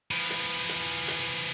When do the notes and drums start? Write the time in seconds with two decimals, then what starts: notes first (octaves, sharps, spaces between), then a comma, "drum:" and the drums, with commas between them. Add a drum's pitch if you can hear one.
0.11 E3 F3
0.30 drum: hi-hat
0.69 drum: hi-hat
1.08 drum: hi-hat